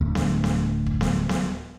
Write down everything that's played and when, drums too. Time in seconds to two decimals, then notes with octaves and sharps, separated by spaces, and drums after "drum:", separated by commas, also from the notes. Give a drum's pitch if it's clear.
0.01 D1 D2
0.15 drum: snare B3
0.44 drum: snare B3
0.86 drum: kick
1.01 drum: snare B3
1.29 drum: snare B3